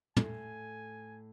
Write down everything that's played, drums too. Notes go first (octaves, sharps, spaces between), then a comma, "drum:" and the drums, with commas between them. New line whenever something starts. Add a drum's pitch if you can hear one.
A2 G#5, drum: tom